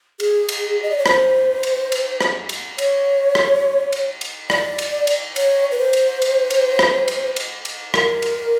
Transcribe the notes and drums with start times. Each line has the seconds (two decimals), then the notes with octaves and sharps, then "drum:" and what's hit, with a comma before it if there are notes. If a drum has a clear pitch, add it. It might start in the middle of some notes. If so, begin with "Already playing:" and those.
0.20 G#4, drum: cymbal
0.49 drum: cymbal
0.83 D#5
0.91 D5
0.98 C#5
1.06 C5, drum: rim click
1.63 drum: cymbal
1.92 drum: cymbal
2.21 drum: rim click
2.49 drum: cymbal
2.78 C#5, drum: cymbal
3.35 drum: rim click
3.92 drum: cymbal
4.21 drum: cymbal
4.50 D5, drum: rim click
4.78 drum: cymbal
5.07 drum: cymbal
5.36 C#5, drum: cymbal
5.71 B4
5.79 C5
5.93 drum: cymbal
6.22 drum: cymbal
6.50 drum: cymbal
6.79 drum: rim click
7.08 drum: cymbal
7.36 drum: cymbal
7.65 drum: cymbal
7.94 A#4, drum: rim click
8.22 drum: cymbal